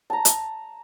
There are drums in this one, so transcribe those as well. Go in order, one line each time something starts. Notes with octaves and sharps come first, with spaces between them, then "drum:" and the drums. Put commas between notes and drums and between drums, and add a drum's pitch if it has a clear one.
A5 A#5
drum: hi-hat